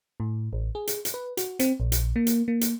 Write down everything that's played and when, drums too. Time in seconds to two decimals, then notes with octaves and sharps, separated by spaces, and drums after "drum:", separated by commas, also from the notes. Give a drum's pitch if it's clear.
0.20 A2
0.53 A1
0.75 G#4
0.87 drum: hi-hat
1.05 drum: hi-hat
1.14 B4
1.37 F#4, drum: hi-hat
1.59 C4, drum: hi-hat
1.80 A#1
1.92 drum: hi-hat
2.16 A#3
2.27 drum: hi-hat
2.48 A#3
2.61 drum: hi-hat